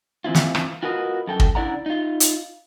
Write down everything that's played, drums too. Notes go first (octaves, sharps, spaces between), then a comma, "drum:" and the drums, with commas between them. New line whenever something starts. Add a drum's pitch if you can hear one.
E3 C4 E4 F4
drum: snare
drum: rim click
F4 F#4 A#4 B4 D#5
F#2 A4 G5
drum: kick
C#3 D4 E4 D5 F#5 A#5
D#4 F4
drum: hi-hat